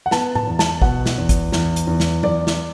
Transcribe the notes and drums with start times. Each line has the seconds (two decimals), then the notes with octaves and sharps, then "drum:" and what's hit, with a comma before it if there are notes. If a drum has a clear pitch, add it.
0.06 F#5
0.11 B3 A5, drum: snare
0.35 A5, drum: tom A2
0.47 E2
0.59 A5, drum: snare
0.82 B2 F#5, drum: kick
1.06 drum: snare
1.18 E2
1.29 drum: kick, hi-hat
1.52 E2, drum: snare
1.76 drum: hi-hat
1.87 E2
2.00 drum: snare
2.23 E2 D5, drum: tom
2.47 drum: snare